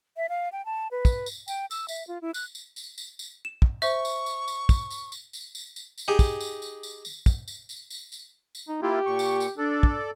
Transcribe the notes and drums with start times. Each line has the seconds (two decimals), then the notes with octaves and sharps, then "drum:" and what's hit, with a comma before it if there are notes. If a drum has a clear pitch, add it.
0.17 E5
0.29 F5
0.52 G5
0.65 A5
0.91 B4
1.05 drum: kick, tambourine
1.26 drum: tambourine
1.48 G5, drum: tambourine
1.71 E6, drum: tambourine
1.89 E5, drum: tambourine
2.08 F4
2.22 E4
2.34 F#6, drum: tambourine
2.55 drum: tambourine
2.76 drum: tambourine
2.98 drum: tambourine
3.19 drum: tambourine
3.45 E7
3.62 drum: kick
3.82 C5 E5 C#6, drum: tambourine
4.05 drum: tambourine
4.26 drum: tambourine
4.48 drum: tambourine
4.69 drum: kick, tambourine
4.90 drum: tambourine
5.12 drum: tambourine
5.33 drum: tambourine
5.55 drum: tambourine
5.76 drum: tambourine
5.98 drum: tambourine
6.08 D#4 G4 G#4
6.19 drum: kick, tambourine
6.40 drum: tambourine
6.62 drum: tambourine
6.83 drum: tambourine
7.05 drum: tambourine
7.26 drum: kick, tambourine
7.48 drum: tambourine
7.69 drum: tambourine
7.90 drum: tambourine
8.12 drum: tambourine
8.55 drum: tambourine
8.68 D#4
8.82 A#3 E4 F4 G4
9.06 A#2 C#6
9.19 drum: tambourine
9.40 drum: tambourine
9.58 D4 A4 D5
9.83 drum: kick